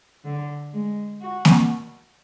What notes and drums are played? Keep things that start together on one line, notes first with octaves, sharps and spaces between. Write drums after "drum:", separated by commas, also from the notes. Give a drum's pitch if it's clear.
D3
G#3
F#4
drum: snare A#3